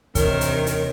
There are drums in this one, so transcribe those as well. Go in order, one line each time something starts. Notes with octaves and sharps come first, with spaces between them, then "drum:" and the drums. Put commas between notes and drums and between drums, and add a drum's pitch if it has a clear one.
D#2 C3 D#3 E3 D4 A#4 C#5, drum: kick, hi-hat
drum: hi-hat
drum: hi-hat